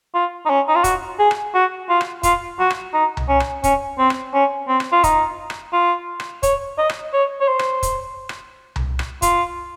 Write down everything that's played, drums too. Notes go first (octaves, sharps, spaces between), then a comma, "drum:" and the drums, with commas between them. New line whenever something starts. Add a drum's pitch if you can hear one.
F4
D#4
C#4
D#4
F4
F#4, drum: kick, hi-hat
G#4
drum: rim click
F#4
F4
drum: rim click
F4, drum: kick, hi-hat
F#4
drum: rim click
D#4
drum: tom C2
C#4
drum: rim click
C#4, drum: kick, hi-hat
C4
drum: rim click
C#4
C4
drum: rim click
F4
D#4, drum: kick, hi-hat
drum: rim click
F4
drum: rim click
C#5, drum: kick, hi-hat
D#5
drum: rim click
C#5
C#5
C5
drum: rim click
drum: kick, hi-hat
drum: rim click
drum: tom C2
drum: rim click
F4, drum: kick, hi-hat